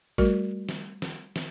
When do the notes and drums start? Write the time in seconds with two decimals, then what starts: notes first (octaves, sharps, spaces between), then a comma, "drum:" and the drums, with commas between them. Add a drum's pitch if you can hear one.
0.18 G3 A3 F#4 A#4, drum: kick
0.69 drum: snare
1.02 drum: snare
1.36 drum: snare